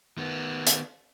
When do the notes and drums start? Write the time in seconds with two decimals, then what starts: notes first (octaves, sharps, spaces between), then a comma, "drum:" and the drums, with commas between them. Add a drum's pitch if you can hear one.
0.18 D#3 B3
0.67 drum: hi-hat